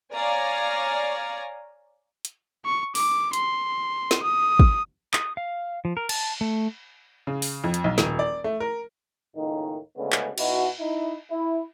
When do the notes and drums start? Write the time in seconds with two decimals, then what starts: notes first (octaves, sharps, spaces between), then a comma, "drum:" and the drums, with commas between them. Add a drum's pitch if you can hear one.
0.13 C#5 D5 F5 G#5 A#5
2.25 drum: hi-hat
2.65 C#6
2.95 D6, drum: open hi-hat
3.33 C6, drum: hi-hat
4.11 drum: snare
4.23 D#6
4.60 drum: kick
5.13 D#6, drum: clap
5.37 F5
5.85 F3
5.97 A#4
6.09 A5, drum: cymbal
6.41 A3
7.27 C#3
7.42 drum: open hi-hat
7.64 F2
7.74 drum: hi-hat
7.84 B1
7.98 D#1, drum: snare
8.19 D5
8.44 A3
8.60 A#4
9.36 C#2 A2 D#3 A#3 D#4
9.97 D2 C#3 G#3 A3 B3 C#4
10.12 drum: clap
10.38 B2 D#4 E4 F#4, drum: cymbal
10.79 D#4 E4
11.31 E4